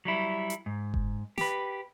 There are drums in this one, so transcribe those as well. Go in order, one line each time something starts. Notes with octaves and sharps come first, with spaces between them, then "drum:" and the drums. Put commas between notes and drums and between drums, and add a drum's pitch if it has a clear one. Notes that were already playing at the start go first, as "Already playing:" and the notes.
F#3 G3 E4
drum: hi-hat
G#2
drum: kick F#1
G4 B4, drum: snare